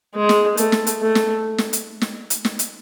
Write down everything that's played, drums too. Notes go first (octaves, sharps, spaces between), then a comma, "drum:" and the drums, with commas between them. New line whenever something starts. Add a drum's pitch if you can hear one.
G#3
drum: snare
A3, drum: hi-hat
drum: snare
drum: hi-hat
A3
drum: snare
drum: snare
drum: hi-hat
drum: snare
drum: hi-hat
drum: snare
drum: hi-hat